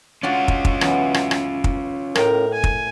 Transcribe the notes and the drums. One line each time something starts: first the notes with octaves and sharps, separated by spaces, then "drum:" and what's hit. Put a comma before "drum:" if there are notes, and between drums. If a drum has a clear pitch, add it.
C#4 D4 F4 F#4 D5
drum: kick
drum: kick
F#2 E3 B3, drum: rim click
drum: rim click
drum: rim click
drum: kick
A2 A#4 D#5 G5, drum: rim click
G#5
drum: kick